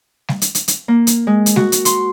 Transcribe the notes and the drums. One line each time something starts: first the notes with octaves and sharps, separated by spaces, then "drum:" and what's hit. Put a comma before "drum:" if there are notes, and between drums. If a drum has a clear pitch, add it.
drum: snare G3
drum: hi-hat
drum: hi-hat
drum: hi-hat
A#3
drum: hi-hat
G#3
drum: hi-hat
F#4, drum: snare G3
drum: hi-hat
C6, drum: hi-hat